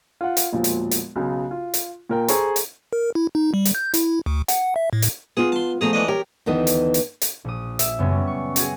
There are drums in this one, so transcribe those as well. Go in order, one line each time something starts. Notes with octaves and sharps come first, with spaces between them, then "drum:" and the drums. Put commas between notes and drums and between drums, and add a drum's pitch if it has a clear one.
F4 F#5
drum: hi-hat
E1 A#2 F3
drum: hi-hat
drum: hi-hat
B1 C#3
F4
drum: hi-hat
A#2 A#4 G5
G#4 A4 C5 A#5 C#6, drum: hi-hat
drum: hi-hat
A#4
E4
D#4
G3
drum: hi-hat
G6
E4, drum: hi-hat
D2
F#5, drum: hi-hat
E5
A2
drum: hi-hat
B3 F4 G#4
A5 C6
F3 A3 B3 G#4 A#5
E3 D4 D#5
G4 A#4 C#5 G5
D2 D#3 E3 B3 D#5
drum: hi-hat
drum: hi-hat
drum: hi-hat
A#1 D#6
E5, drum: hi-hat
F#2 C#3 G3 B3 C#4
G3
C#6
C#4 F#4 G#4, drum: hi-hat